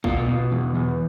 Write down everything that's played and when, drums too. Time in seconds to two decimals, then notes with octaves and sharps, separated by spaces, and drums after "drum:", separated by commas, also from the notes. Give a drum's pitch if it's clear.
0.04 B2 F4, drum: kick
0.28 B2
0.52 E2
0.75 E2